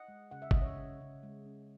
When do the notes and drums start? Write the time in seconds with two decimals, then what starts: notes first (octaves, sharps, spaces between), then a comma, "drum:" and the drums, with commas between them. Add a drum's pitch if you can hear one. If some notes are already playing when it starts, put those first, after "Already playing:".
Already playing: D#5 F#5
0.08 G#3
0.31 C#3 F#5
0.42 E5
0.51 C#3 D#5, drum: kick
0.61 C#5 E5
0.77 C#3
1.01 C#3
1.23 G#3
1.46 C#4